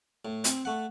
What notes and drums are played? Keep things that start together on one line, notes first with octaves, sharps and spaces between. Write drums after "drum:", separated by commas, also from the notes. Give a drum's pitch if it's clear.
A2
C4, drum: hi-hat
A3 F#5